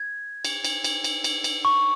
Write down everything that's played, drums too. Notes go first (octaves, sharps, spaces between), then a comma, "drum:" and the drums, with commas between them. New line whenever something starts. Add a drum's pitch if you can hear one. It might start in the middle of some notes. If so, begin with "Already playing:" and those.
Already playing: G#6
drum: cymbal
drum: cymbal
drum: cymbal
drum: cymbal
drum: cymbal
drum: cymbal
C#6